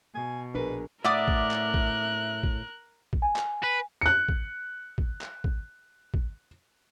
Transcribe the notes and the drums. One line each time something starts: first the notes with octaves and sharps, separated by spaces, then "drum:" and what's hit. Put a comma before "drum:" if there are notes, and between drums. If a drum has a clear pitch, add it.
B2 G#5
A#1 D4 G#4 A#4 B4
A2 A#4 D5 E5 F#5 D6 D#6 F#6
drum: kick
drum: clap
drum: kick
drum: kick
drum: kick
G#5
drum: clap
B4
F#6 C#7
drum: kick
drum: kick
drum: clap
drum: kick
drum: kick